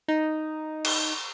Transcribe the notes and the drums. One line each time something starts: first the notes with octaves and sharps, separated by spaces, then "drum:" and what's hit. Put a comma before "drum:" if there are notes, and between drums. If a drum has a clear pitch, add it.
D#4
drum: cymbal